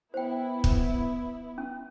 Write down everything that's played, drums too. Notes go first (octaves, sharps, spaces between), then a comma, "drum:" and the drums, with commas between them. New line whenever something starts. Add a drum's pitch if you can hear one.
B3 E4 C5 G5
drum: kick
C#4